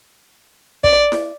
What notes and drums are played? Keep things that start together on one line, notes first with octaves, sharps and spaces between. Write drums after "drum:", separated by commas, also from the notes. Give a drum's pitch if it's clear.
D5, drum: kick
drum: snare E4